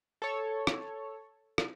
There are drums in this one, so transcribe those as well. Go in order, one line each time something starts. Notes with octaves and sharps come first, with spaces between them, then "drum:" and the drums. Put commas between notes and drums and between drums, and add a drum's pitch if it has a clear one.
A4 C#5
drum: rim click
drum: rim click